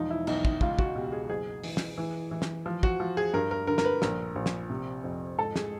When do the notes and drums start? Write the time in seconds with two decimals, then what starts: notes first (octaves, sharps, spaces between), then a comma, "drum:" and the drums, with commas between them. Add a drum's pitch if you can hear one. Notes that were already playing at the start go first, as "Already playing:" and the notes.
Already playing: E1 F3 D#4
0.10 E4
0.27 B1 D#4, drum: cymbal
0.45 D#4, drum: kick
0.61 C#2 F4, drum: kick
0.79 F#4, drum: kick
0.95 B2 G4
1.12 G#4
1.29 F#1 G#4
1.63 E3, drum: open hi-hat
1.77 drum: snare
1.98 E3
2.31 E3
2.42 drum: snare
2.66 F3
2.83 F#4, drum: kick
3.00 F3
3.17 G#4
3.34 G2 A#4
3.51 A#4
3.67 D3 A#4
3.78 A#4, drum: snare
3.85 B4
4.02 A#1 A#4, drum: snare
4.36 A#1
4.46 drum: snare
4.70 C3
5.04 F2
5.38 G#2 A4
5.56 G#4, drum: snare